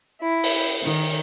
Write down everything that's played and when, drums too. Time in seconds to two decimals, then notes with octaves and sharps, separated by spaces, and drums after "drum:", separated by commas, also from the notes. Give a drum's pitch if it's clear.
0.22 E4
0.44 drum: open hi-hat
0.82 D#3